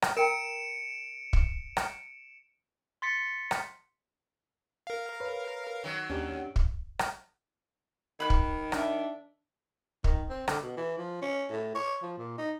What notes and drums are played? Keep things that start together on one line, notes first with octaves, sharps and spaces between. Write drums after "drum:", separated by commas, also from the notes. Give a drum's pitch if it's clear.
drum: rim click
A#4 G5 A#5 C#7 D7 E7
drum: kick
drum: rim click
C6 A6 B6 C#7
drum: rim click
A#4 F5
B4 C#5
D#3 F#3
D#2 C#4 D4 G4
drum: kick
drum: rim click
D#3 B5 F#6
drum: kick
D4 E5, drum: rim click
D#3, drum: kick
C4
D3, drum: rim click
B2
E3
F3
C#4
A2
C#5
F3
A#2
D#4